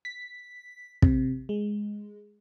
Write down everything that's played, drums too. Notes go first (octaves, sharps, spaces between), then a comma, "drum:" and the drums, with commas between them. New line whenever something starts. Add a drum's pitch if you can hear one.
B6
C3, drum: kick
G#3